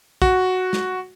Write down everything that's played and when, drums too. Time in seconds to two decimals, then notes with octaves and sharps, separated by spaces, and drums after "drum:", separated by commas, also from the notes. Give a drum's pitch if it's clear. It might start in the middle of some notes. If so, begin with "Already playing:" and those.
0.22 F#4, drum: kick
0.73 drum: snare